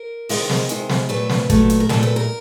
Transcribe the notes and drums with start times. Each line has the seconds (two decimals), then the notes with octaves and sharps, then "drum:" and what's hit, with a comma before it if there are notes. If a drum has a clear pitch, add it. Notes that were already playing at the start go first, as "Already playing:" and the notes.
Already playing: A#4
0.29 C3 D#3 G#3, drum: open hi-hat
0.50 drum: snare
0.69 C3 D#3 G#3, drum: hi-hat
0.90 drum: snare
1.09 A#2 F#3 A3 B4
1.30 drum: snare
1.50 A#2 F#3 A3, drum: kick, hi-hat
1.70 drum: hi-hat
1.80 A#4
1.89 A#2 F#3 A3 A4, drum: snare
2.03 B4
2.16 A#4